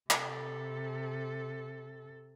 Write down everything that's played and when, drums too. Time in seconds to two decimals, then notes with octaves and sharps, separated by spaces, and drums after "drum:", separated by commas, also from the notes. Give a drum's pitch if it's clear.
0.10 C3 A4, drum: clap